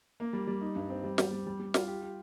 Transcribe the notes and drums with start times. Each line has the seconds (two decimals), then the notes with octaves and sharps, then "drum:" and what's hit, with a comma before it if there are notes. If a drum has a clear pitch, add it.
0.20 A#3
0.33 G3
0.47 G3
0.61 D#4
0.76 G2
0.90 C4
1.04 G3
1.18 G3, drum: snare
1.31 G3
1.47 G3
1.60 G3
1.74 F4, drum: snare
1.88 G4
2.03 G4